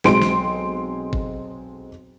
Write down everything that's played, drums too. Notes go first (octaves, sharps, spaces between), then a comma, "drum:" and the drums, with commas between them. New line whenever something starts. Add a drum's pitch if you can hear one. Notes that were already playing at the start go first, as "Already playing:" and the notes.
B1 G#3 C4 C6 D7, drum: snare
drum: snare
drum: kick G#1